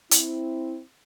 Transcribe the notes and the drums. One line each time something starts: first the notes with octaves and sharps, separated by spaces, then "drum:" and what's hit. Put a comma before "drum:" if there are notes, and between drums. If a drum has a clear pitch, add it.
C4 E4, drum: hi-hat